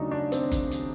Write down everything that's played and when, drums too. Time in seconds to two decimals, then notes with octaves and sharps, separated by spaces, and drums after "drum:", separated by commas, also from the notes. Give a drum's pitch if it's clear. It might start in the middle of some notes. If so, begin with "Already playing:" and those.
Already playing: D#2 C#3 F#3 A3 D4 D#4
0.11 D4
0.32 C4, drum: hi-hat
0.52 drum: kick F#1, hi-hat
0.71 drum: hi-hat